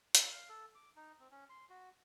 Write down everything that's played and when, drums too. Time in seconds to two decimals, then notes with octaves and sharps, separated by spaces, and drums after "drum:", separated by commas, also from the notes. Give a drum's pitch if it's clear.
0.15 E6, drum: hi-hat
0.31 F5
0.49 A4
0.75 D6
0.96 D#4
1.20 C4
1.31 C#4
1.49 C6
1.70 F#4